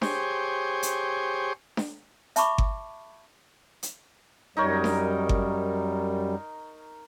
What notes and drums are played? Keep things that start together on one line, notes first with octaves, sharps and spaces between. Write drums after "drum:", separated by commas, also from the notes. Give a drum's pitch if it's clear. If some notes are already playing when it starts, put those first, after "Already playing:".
G4 G#4 C5 C#5, drum: snare D4
drum: hi-hat
drum: snare D4
E5 A5 B5 C#6 D6, drum: hi-hat
drum: kick G1
drum: hi-hat
F#2 G3 D#4 A#4 C#5
drum: snare D4
drum: kick G1